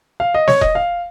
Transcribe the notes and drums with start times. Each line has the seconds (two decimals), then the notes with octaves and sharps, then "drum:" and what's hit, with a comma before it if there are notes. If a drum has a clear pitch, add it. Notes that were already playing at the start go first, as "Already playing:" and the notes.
0.20 F5
0.34 D#5
0.48 C#5, drum: snare
0.61 D#5, drum: kick E1
0.75 F5